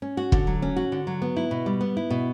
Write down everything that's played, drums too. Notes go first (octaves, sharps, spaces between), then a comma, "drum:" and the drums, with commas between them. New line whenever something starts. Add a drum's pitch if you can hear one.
C#4
F#4
D3, drum: kick
F#3
C#4
F#4
D3
F#3
B3
E4
B2
G3
B3
E4
B2